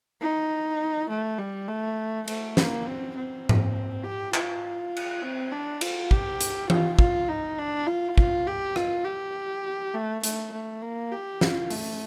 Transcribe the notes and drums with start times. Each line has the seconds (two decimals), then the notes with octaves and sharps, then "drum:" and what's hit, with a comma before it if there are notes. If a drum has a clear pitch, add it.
0.21 D#4
1.09 A3
1.39 G3
1.68 A3
2.28 A3, drum: cymbal
2.57 A#3, drum: snare
2.87 C4
3.16 C4
3.49 drum: tom G#2
4.04 G4
4.34 F4, drum: clap
4.97 drum: cymbal
5.22 C4
5.52 D4
5.81 F4, drum: cymbal
6.11 G4, drum: kick
6.41 drum: hi-hat
6.70 F4, drum: tom E3
6.99 F4, drum: kick
7.29 D#4
7.59 D4
7.87 F4
8.18 F4, drum: kick
8.47 G4
8.76 F4, drum: rim click
9.05 G4
9.94 A3
10.24 A3, drum: hi-hat
10.53 A3
10.82 A#3
11.12 G4
11.41 F4, drum: snare
11.70 A3, drum: open hi-hat